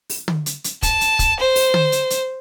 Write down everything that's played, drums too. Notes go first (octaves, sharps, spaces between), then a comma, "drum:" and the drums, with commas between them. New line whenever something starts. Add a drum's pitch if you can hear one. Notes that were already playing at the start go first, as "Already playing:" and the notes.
drum: open hi-hat
drum: tom
drum: hi-hat
drum: hi-hat
A5, drum: kick, hi-hat
drum: hi-hat
drum: kick, hi-hat
C5
drum: open hi-hat
drum: tom
drum: hi-hat
drum: hi-hat